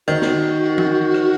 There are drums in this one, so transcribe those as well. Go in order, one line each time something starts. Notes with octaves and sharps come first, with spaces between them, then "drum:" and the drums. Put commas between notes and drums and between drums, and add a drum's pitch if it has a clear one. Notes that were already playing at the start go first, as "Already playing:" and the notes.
D#3 F#4
drum: snare
drum: tom
drum: rim click